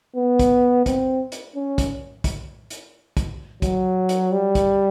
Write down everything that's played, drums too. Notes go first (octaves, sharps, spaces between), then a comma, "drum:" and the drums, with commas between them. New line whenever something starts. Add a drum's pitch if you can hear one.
B3
drum: kick, hi-hat
C4, drum: kick, hi-hat
drum: hi-hat
C#4
drum: kick, hi-hat
drum: kick, hi-hat
drum: hi-hat
drum: kick, hi-hat
F#3, drum: kick, hi-hat
drum: hi-hat
G3
drum: kick, hi-hat